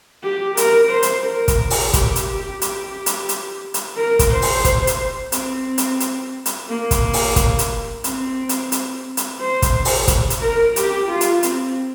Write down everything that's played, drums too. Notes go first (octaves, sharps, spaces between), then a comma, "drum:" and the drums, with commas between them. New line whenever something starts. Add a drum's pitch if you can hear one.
G4
A#4, drum: hi-hat
C5
drum: hi-hat
A#4
drum: kick, hi-hat
drum: open hi-hat
G4, drum: kick, hi-hat
drum: hi-hat
G4
G4, drum: hi-hat
drum: hi-hat
drum: hi-hat
drum: hi-hat
A#4
drum: kick, hi-hat
C5
drum: open hi-hat
drum: kick, hi-hat
drum: hi-hat
C4, drum: hi-hat
drum: hi-hat
drum: hi-hat
drum: hi-hat
A#3
drum: kick, hi-hat
drum: open hi-hat
drum: kick, hi-hat
drum: hi-hat
C4, drum: hi-hat
drum: hi-hat
drum: hi-hat
drum: hi-hat
C5
drum: kick, hi-hat
drum: open hi-hat
drum: kick, hi-hat
drum: hi-hat
A#4
G4, drum: hi-hat
F4
drum: hi-hat
C4, drum: hi-hat